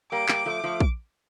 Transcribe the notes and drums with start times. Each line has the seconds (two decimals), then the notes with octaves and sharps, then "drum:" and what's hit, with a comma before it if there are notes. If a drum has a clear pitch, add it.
0.12 G3 A#3 D6
0.29 G3 A#3, drum: clap
0.46 F3 A3
0.64 F3 A3
0.80 drum: kick